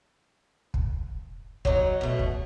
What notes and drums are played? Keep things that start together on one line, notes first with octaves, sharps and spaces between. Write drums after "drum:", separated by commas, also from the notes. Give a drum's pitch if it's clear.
drum: kick
F#3 D#4, drum: kick
B2 A3
drum: kick